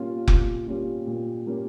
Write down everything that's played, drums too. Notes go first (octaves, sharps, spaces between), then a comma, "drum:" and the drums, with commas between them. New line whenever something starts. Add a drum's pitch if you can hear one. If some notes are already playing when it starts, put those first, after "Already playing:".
Already playing: A#2 G3 A#3 C#4 F4
A#2, drum: kick F1
G3 A#3 C#4 F4
A#2
G3 A#3 C#4 F4